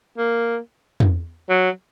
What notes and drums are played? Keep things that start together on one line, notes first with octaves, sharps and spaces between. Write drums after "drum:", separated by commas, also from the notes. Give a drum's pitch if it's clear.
A#3
drum: tom
F#3